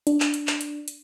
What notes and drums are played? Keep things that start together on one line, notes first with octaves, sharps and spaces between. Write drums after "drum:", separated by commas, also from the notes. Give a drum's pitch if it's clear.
D4, drum: hi-hat
drum: clap
drum: hi-hat
drum: clap
drum: hi-hat
drum: hi-hat